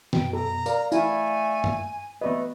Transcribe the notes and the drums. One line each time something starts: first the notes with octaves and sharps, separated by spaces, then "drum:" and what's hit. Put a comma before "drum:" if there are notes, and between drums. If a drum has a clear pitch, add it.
F#2 B2 G5, drum: snare
A4 A#5
A#4 D5 F5, drum: tambourine
A3 E4 G#5, drum: tambourine
drum: tom G2
A3 B3 B4 D5 D#5